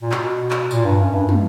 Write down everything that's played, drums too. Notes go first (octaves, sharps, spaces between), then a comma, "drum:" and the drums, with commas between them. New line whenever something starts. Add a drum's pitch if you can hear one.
A#2
B2, drum: clap
drum: clap
A#2, drum: tambourine
G2
F#2
G2
drum: tom